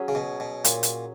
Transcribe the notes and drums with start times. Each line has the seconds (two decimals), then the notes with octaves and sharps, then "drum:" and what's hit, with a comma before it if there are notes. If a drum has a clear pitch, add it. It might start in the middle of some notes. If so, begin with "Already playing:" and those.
Already playing: F#3 C#4 G#4 C#5
0.08 C#3
0.15 B2
0.40 B2
0.65 A#2, drum: hi-hat
0.83 drum: hi-hat